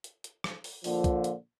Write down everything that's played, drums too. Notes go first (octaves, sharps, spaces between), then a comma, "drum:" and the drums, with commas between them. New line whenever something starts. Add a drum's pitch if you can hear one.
drum: hi-hat
drum: hi-hat
drum: rim click
drum: open hi-hat
A#2 D3 F3, drum: open hi-hat
drum: kick, hi-hat
drum: hi-hat